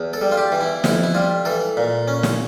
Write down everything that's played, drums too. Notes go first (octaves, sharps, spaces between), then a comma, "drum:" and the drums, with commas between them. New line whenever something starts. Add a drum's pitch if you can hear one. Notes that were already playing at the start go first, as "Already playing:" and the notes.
Already playing: E2
A4
G3
F4
G4
E3
E4
F2 E4, drum: snare
E4
G3 F4
E3 A4
A#2
C#4
drum: snare